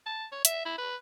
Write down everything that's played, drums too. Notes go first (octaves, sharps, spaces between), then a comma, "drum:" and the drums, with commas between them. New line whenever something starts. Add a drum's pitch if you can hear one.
A5
C#5
E5, drum: hi-hat
E4
B4